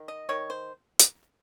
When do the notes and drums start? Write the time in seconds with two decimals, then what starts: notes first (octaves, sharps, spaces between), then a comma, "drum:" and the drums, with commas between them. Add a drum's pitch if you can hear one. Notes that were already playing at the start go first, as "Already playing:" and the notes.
Already playing: D#3
0.08 D#5
0.29 D#3 C#5
0.50 C5
0.99 drum: hi-hat